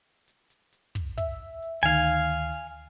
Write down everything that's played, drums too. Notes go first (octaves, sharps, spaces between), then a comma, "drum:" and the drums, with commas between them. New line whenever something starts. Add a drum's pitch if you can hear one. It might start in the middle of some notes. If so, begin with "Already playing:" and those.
drum: hi-hat
drum: hi-hat
drum: hi-hat
drum: kick, open hi-hat
E5, drum: kick, hi-hat
drum: hi-hat
D2 D#3 F5 G#5, drum: hi-hat
drum: hi-hat
drum: hi-hat
drum: hi-hat